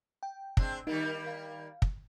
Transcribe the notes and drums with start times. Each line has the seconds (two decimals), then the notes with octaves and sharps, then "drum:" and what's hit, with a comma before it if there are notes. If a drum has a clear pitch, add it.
0.23 G5
0.57 G#3 C4 D4, drum: kick
0.87 D#3 G3 A#3 D#4
1.27 F5
1.82 drum: kick